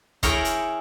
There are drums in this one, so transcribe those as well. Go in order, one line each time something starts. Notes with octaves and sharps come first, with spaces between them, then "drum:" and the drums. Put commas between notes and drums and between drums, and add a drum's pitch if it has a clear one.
E4 G#4 A#4 C#5 G5 A#5, drum: kick, hi-hat
drum: hi-hat